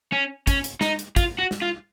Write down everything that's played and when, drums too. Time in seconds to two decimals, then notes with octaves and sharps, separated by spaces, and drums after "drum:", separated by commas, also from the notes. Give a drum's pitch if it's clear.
0.12 C#4
0.47 C#4, drum: kick, hi-hat
0.64 drum: hi-hat
0.81 D#4, drum: snare
0.99 drum: hi-hat
1.16 F4, drum: kick, hi-hat
1.39 F#4
1.51 drum: snare
1.62 F4